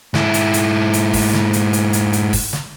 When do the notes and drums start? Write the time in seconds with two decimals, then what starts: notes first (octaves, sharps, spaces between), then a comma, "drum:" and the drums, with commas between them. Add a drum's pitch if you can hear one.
0.14 G#2 E4, drum: snare
0.34 drum: hi-hat
0.54 drum: hi-hat
0.93 drum: hi-hat
1.13 drum: kick, open hi-hat
1.33 drum: snare
1.53 drum: hi-hat
1.73 drum: hi-hat
1.93 drum: hi-hat
2.13 drum: hi-hat
2.33 drum: kick, open hi-hat
2.53 drum: snare